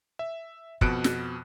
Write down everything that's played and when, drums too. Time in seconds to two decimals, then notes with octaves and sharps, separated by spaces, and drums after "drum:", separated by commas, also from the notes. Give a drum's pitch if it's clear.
0.19 E5
0.81 F2 B2 F#6 C#7 D7, drum: kick
1.04 drum: snare